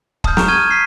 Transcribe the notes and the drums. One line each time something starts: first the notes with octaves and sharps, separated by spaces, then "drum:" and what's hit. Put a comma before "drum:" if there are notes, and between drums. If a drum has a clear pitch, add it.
A5 D#6 F6 G6, drum: kick
A#5 C#6 E7, drum: snare
F6 G#6 D#7 G7
A5 B6 C7